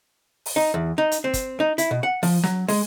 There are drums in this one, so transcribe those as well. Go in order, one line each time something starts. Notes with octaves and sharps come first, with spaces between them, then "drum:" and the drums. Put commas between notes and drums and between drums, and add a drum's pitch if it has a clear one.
drum: open hi-hat
D#4
E2
D#4
drum: hi-hat
C4
drum: kick, hi-hat
D#4
E4, drum: hi-hat
B2
F#5
F3, drum: open hi-hat
F#3, drum: snare
G#3, drum: open hi-hat